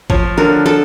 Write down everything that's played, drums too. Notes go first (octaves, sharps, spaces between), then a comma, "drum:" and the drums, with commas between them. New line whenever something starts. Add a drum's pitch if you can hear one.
F3 C#5, drum: kick
D3 A#4
A4